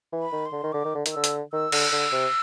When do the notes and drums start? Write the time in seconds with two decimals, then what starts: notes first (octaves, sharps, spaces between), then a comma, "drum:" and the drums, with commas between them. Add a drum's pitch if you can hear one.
0.12 E3
0.20 B5
0.32 D#3
0.46 C6
0.53 D3
0.63 D#3
0.72 D3 D6
0.85 D#3
0.95 D3
1.06 D#3, drum: hi-hat
1.13 D3 E6
1.24 drum: hi-hat
1.53 D#3 E6
1.72 D3, drum: cymbal
1.92 D3
2.12 C3